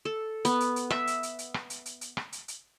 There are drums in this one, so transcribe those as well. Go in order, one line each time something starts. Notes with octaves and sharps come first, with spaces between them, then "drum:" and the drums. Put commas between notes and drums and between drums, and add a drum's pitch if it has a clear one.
A4
B3, drum: hi-hat
drum: hi-hat
drum: hi-hat
E5, drum: rim click
drum: hi-hat
drum: hi-hat
drum: hi-hat
drum: rim click
drum: hi-hat
drum: hi-hat
drum: hi-hat
drum: rim click
drum: hi-hat
drum: hi-hat